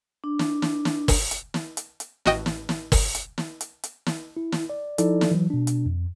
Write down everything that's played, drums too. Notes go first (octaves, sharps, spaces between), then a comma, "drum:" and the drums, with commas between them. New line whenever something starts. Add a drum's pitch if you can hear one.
D4
drum: snare
drum: snare
drum: snare
drum: kick, open hi-hat
drum: hi-hat
drum: snare
drum: hi-hat
drum: hi-hat
A1 F#4 D#5 G5, drum: snare
drum: snare
drum: snare
drum: kick, open hi-hat
drum: hi-hat
drum: snare
drum: hi-hat
drum: hi-hat
drum: snare
E4
drum: snare
D5
F3 D#4 E4 A4 D5, drum: hi-hat
drum: snare
E3 F#3
B2 D4
drum: hi-hat
F2